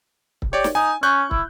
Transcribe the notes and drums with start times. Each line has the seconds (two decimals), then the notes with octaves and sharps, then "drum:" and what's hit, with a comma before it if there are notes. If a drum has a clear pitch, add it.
0.42 drum: kick
0.53 G4 C#5 D5
0.64 drum: snare
0.75 D#4 G#5
1.03 C#4 C#6 F#6 G6
1.31 E4, drum: kick